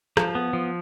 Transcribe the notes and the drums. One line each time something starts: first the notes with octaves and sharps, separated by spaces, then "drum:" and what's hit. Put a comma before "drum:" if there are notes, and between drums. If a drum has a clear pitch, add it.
F3, drum: rim click
B3
F3